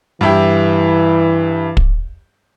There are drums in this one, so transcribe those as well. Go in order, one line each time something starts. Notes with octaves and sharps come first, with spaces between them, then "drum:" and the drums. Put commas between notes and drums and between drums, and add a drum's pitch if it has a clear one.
G2 E3 E4 G4
drum: kick